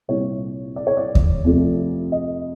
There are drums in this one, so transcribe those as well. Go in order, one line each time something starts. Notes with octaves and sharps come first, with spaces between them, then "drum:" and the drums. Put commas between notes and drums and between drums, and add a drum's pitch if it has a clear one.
C2 A#2 G3 C#5
D5
C#5
D5
drum: kick D#2
F2 C3 F3 A3
D#5